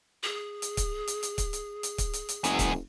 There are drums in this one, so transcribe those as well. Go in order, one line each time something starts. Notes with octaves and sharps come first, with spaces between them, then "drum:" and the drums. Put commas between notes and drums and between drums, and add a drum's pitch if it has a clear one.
G#4
drum: hi-hat
drum: kick C#1, hi-hat
drum: hi-hat
drum: hi-hat
drum: kick C#1, hi-hat
drum: hi-hat
drum: hi-hat
drum: kick C#1, hi-hat
drum: hi-hat
drum: hi-hat
F#1 E2 G#3, drum: hi-hat
drum: kick C#1, hi-hat